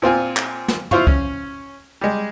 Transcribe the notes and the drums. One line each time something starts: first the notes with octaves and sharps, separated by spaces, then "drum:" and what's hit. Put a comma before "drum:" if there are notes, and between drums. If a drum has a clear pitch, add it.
A#2 C4 F4 G#5
drum: clap
drum: snare
E4 F4 C5 F5 C#6, drum: tom
C#4, drum: kick
G3 G#3